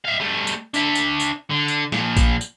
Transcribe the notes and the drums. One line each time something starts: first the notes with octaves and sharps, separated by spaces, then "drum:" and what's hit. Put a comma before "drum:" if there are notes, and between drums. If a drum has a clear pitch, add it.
E5 F5
G3 A3
drum: tambourine
D4 E5, drum: tambourine
drum: tambourine
drum: tambourine
D3
drum: tambourine
A#2 F3, drum: snare
drum: kick A#1, tambourine
drum: tambourine